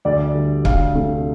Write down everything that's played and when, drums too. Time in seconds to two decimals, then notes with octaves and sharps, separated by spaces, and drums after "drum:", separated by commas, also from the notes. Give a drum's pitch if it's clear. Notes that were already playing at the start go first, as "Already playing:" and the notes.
0.05 D2 D5
0.34 D3 G3
0.65 D2 F5, drum: kick C#1
0.95 C3 A3